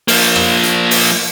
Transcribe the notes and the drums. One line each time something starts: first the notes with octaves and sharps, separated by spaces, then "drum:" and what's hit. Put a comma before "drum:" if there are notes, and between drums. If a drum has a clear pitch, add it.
F3 A#3, drum: open hi-hat
drum: rim click
drum: hi-hat
drum: open hi-hat